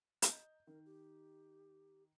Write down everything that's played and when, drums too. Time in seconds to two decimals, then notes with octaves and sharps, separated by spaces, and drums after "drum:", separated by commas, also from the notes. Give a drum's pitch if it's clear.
0.22 D#5 A#5 G6, drum: hi-hat
0.67 D#3 A#4
0.85 G4